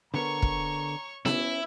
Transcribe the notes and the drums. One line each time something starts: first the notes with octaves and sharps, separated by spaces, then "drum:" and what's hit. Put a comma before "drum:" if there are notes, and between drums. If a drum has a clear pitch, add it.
D3 B3 A#4 C#5 A#5 C#6
drum: kick
C#4 E4, drum: snare B3